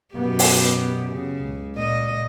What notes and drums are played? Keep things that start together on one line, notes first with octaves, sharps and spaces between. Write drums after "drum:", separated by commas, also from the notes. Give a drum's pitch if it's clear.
F#2 B2 B3 G4
drum: open hi-hat
C#3
C#2
A#2 D#5